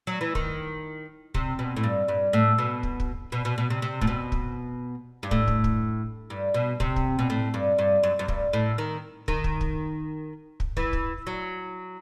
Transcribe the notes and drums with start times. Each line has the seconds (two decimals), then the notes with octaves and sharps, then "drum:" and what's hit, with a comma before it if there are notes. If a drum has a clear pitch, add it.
0.07 F#3
0.21 E3
0.35 D#3, drum: kick
1.34 C3, drum: kick
1.59 B2
1.77 A2
1.83 G2
2.08 G2
2.33 A2
2.58 B2
2.83 drum: kick
3.00 drum: kick
3.32 B2
3.45 B2
3.58 B2
3.70 C3
3.82 C3
4.01 A2, drum: kick
4.07 B2
4.32 drum: kick
5.23 G2
5.31 A2, drum: kick
5.48 drum: kick
5.64 drum: kick
6.30 G2
6.54 B2
6.80 C3, drum: kick
6.96 drum: kick
7.19 B2
7.30 A2
7.54 G2
7.79 G2
8.03 F#2
8.19 F#2
8.28 G2, drum: kick
8.53 A2
8.78 D#3
9.28 D#3, drum: kick
9.44 drum: kick
9.61 drum: kick
10.60 drum: kick
10.77 E3, drum: kick
10.93 drum: kick
11.27 F#3